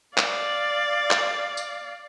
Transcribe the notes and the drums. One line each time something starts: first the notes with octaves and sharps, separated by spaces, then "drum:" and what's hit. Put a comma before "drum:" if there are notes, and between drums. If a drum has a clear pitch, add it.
D5 F5, drum: clap
drum: clap
drum: tambourine